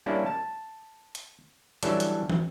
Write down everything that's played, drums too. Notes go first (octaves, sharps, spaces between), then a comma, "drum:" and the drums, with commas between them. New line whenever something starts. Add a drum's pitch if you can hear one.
G3 A#3 C#4 D4 E4
A5
drum: hi-hat
E3 F#3 G3 C#4 D4 A4, drum: hi-hat
drum: hi-hat
drum: tom